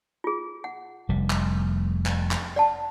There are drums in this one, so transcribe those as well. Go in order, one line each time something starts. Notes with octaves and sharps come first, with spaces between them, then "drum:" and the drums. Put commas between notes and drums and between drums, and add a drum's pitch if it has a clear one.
F4 G#4
F#5
F1 G3
drum: clap
drum: clap
drum: clap
D5 F#5 A5